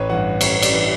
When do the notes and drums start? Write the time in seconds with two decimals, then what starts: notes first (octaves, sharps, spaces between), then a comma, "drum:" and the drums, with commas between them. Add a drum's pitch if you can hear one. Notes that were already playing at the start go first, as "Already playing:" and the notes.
Already playing: A1 B4 C#5
0.10 G2 E3 F#5
0.41 A1 C#5, drum: cymbal
0.62 D5, drum: cymbal
0.73 E3